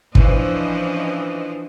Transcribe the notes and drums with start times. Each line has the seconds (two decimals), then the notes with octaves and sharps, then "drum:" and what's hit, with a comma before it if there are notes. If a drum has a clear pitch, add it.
0.15 E3 F3 C#4 D4 C5 D#5, drum: kick